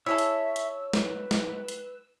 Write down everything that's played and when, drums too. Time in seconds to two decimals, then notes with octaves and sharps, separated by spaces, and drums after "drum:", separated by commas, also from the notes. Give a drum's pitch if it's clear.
0.06 E4 G#4 A4 C#5 E5 E6
0.18 drum: hi-hat
0.56 drum: hi-hat
0.93 B4, drum: snare
1.31 drum: snare
1.68 drum: hi-hat